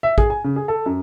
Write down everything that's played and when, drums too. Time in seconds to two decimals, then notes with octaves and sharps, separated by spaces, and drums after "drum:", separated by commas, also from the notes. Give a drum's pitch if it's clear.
0.03 E5
0.18 G#4, drum: kick
0.30 G#5
0.44 C#3
0.56 G#4
0.68 A4
0.86 F#2